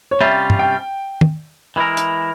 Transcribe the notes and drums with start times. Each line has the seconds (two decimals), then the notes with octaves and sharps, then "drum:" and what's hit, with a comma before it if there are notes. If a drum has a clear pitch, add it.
0.11 C#5
0.21 C3 G3 C#4 F4 E5
0.50 drum: tom
0.59 G5
1.21 drum: tom
1.76 E3 G#3 E4 A#4
1.97 drum: hi-hat